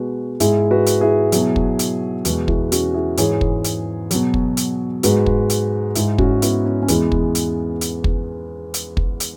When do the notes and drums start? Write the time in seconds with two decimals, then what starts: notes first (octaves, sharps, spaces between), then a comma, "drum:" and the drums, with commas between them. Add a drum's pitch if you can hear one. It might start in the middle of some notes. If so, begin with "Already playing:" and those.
Already playing: B2 G#3 F#4 B4
0.40 G#2 G#3 E4 G#4, drum: hi-hat
0.71 F#4 B4
0.86 drum: hi-hat
1.01 E4 G#4
1.32 B2 F#3, drum: hi-hat
1.56 drum: kick
1.79 drum: hi-hat
2.25 E2 B2 G#3 F#4 B4, drum: hi-hat
2.48 E4 G#4, drum: kick
2.72 C#4 F#4, drum: hi-hat
2.94 E4 G#4
3.17 G#2 E3 G#3 G#4 C#5, drum: hi-hat
3.41 drum: kick
3.64 drum: hi-hat
4.11 B2 F#3, drum: hi-hat
4.34 drum: kick
4.57 drum: hi-hat
5.03 G#2 G#3 F#4 B4, drum: hi-hat
5.26 drum: kick
5.50 drum: hi-hat
5.95 G#2 G#3 E4 G#4, drum: hi-hat
6.18 C#4 F#4, drum: kick
6.42 B3 E4, drum: hi-hat
6.65 C#4
6.83 C#4
6.88 E2 E3 G#3 B3, drum: hi-hat
7.12 drum: kick
7.35 drum: hi-hat
7.81 drum: hi-hat
8.04 drum: kick
8.74 drum: hi-hat
8.97 drum: kick
9.20 drum: hi-hat